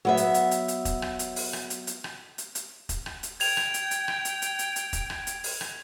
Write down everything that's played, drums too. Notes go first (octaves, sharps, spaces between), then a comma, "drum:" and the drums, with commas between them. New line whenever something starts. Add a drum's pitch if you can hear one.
F#3 B3 E5
drum: hi-hat
drum: hi-hat
drum: hi-hat
drum: hi-hat
drum: kick E1, hi-hat
drum: rim click
drum: hi-hat
drum: open hi-hat
drum: rim click
drum: hi-hat
drum: hi-hat
drum: rim click
drum: hi-hat
drum: hi-hat
drum: kick E1, hi-hat
drum: rim click
drum: hi-hat
G5 G#6 F7, drum: open hi-hat
drum: rim click
drum: hi-hat
drum: hi-hat
drum: rim click
drum: hi-hat
drum: hi-hat
drum: hi-hat
drum: hi-hat
drum: kick E1, hi-hat
drum: rim click
drum: hi-hat
drum: open hi-hat
drum: rim click